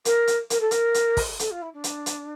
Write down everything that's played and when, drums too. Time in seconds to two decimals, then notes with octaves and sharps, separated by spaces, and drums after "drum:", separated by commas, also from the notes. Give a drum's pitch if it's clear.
0.05 A#4, drum: hi-hat
0.27 drum: hi-hat
0.50 A#4, drum: hi-hat
0.60 A4
0.71 A#4, drum: hi-hat
0.94 drum: hi-hat
1.17 drum: kick, open hi-hat
1.39 A4, drum: hi-hat
1.51 F4
1.61 E4
1.73 D4
1.84 drum: hi-hat
2.06 drum: hi-hat